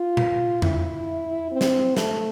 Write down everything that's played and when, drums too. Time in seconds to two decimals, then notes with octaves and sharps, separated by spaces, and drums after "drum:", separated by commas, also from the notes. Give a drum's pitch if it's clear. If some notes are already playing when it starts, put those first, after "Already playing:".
Already playing: F4
0.17 drum: tom A#2
0.62 E4, drum: tom E2
1.52 C4
1.61 drum: snare
1.97 A3, drum: snare